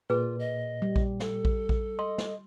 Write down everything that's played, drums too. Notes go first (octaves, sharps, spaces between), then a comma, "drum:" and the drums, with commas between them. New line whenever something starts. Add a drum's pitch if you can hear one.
A#2 F4 G#4 B4
D#5
G3
drum: kick A#1
A4, drum: snare
drum: kick A#1
drum: kick A#1
D#5 C6
drum: snare